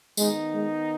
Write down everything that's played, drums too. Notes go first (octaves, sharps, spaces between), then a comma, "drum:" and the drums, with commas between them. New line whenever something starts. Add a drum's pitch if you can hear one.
D#3 G#3 B3 D#4, drum: tambourine
G#3